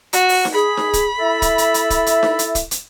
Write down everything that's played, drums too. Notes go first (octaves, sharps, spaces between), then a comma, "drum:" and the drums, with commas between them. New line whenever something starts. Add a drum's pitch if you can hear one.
F#4, drum: hi-hat
drum: open hi-hat
drum: snare D#4
G#4 B5
drum: snare D#4
drum: kick, hi-hat
E4 A4 E5
drum: kick, hi-hat
drum: hi-hat
drum: hi-hat
drum: kick, hi-hat
drum: hi-hat
drum: snare D#4
drum: hi-hat
drum: kick, hi-hat
drum: hi-hat